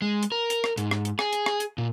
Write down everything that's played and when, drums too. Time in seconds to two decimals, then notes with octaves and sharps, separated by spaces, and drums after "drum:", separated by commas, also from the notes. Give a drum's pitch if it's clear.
0.02 G#3
0.23 drum: hi-hat
0.32 A#4
0.50 drum: hi-hat
0.64 drum: rim click
0.78 G#2, drum: hi-hat
0.91 drum: rim click
1.05 drum: hi-hat
1.19 G#4, drum: rim click
1.33 drum: hi-hat
1.46 drum: rim click
1.60 drum: hi-hat
1.78 A#2